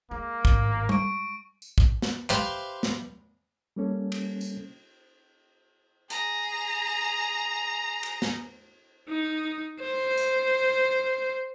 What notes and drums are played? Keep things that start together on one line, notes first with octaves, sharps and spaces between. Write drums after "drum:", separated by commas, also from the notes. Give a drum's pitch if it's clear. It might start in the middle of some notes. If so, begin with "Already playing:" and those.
G#3 A#3
G#1 A2, drum: kick
G#3 C#6 D7, drum: tom G3
drum: tambourine
drum: kick
drum: snare
G4 B4 C5 E5 F5 G5, drum: clap
drum: snare
G3 A#3 C#4 A4
drum: cymbal
drum: tambourine
G#4 A#5, drum: hi-hat
drum: cymbal
drum: snare
D#4
C5
drum: hi-hat